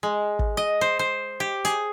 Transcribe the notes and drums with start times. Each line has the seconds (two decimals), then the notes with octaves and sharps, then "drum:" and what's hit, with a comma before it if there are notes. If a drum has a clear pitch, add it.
0.03 G#3
0.39 drum: kick
0.57 D#5
0.81 C5
0.99 C5
1.40 G4
1.65 G#4, drum: hi-hat